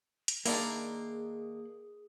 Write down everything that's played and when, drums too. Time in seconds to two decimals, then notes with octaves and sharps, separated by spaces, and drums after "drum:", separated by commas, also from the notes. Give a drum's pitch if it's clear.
0.28 drum: hi-hat
0.46 D#3 A#3 D4 E4 G#4, drum: open hi-hat